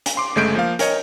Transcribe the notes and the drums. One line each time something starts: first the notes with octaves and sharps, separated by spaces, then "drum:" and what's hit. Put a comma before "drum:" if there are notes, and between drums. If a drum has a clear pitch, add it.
drum: hi-hat
C6 D6
G1 C#3 G#3 A3 G6 D7
F3 A#3 F5
A#4 C#5 D#5, drum: hi-hat